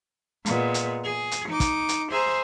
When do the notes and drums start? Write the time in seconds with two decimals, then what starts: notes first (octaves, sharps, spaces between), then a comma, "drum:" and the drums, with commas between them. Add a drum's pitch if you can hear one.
0.46 A#2 G#3 B3, drum: hi-hat
0.74 drum: hi-hat
1.07 G#4
1.31 drum: hi-hat
1.50 D#4 D6
1.60 drum: kick, hi-hat
1.89 drum: hi-hat
2.12 G#4 C5 E5 A#5 C6